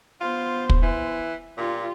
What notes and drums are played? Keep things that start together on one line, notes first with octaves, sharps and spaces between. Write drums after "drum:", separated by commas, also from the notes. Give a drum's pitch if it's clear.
B3 F4 C5
drum: kick
E3
A#2 F4 G4